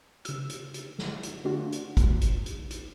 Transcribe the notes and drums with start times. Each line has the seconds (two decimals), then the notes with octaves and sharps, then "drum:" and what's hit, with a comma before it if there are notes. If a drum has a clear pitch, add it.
0.25 C#3 E6, drum: hi-hat
0.50 drum: hi-hat
0.74 drum: hi-hat
0.99 drum: snare
1.23 drum: hi-hat
1.44 D3 A3 D4 F4 F#4
1.72 drum: hi-hat
1.97 drum: kick, hi-hat
2.21 drum: hi-hat
2.46 drum: hi-hat
2.71 drum: hi-hat